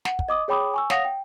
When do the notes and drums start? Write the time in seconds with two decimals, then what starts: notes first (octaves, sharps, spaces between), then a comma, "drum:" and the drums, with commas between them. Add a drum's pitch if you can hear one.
0.05 F#5, drum: snare
0.19 drum: kick
0.28 D#5 D6 D#6
0.48 G#4 C#5 G5 B5 D6 D#6
0.74 G#5 C#6 E6
0.90 C#5 F5 F#5 D#6 A#6 F7, drum: snare
1.05 G5